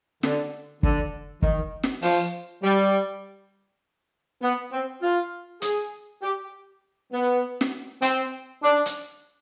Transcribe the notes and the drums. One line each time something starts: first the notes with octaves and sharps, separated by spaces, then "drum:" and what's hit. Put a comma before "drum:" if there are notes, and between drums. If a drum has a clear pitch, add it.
D3, drum: snare
D3, drum: kick
D#3, drum: kick
drum: snare
F3, drum: open hi-hat
G3
B3
C4
F4
G#4, drum: hi-hat
G4
B3
drum: snare
C4, drum: hi-hat
D4
drum: hi-hat